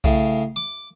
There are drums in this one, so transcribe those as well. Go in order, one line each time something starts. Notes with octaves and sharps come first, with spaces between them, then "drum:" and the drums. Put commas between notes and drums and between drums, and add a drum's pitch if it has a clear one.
A2 C#3, drum: kick B1
D6